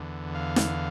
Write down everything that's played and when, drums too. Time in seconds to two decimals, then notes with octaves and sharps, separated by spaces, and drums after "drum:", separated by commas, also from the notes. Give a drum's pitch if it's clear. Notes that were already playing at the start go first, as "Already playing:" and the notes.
Already playing: E2 D3
0.35 F5
0.56 drum: snare